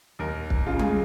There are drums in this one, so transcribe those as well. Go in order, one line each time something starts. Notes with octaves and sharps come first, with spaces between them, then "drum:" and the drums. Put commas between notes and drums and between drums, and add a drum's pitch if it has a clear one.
D#2 A#4
drum: kick
C#3 F4
G#4, drum: tom G3